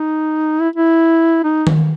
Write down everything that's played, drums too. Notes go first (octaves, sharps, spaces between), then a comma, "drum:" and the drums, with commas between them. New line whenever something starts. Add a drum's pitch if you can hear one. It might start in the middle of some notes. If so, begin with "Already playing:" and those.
Already playing: D#4
E4
E4
D#4
drum: tom D#3